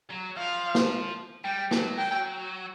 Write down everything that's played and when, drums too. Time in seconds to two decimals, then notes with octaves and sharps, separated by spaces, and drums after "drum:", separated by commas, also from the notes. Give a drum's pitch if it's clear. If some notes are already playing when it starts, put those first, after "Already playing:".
0.11 F#3
0.37 F3 F5
0.75 drum: snare
1.44 G3 G5
1.71 F#3, drum: snare
1.98 G5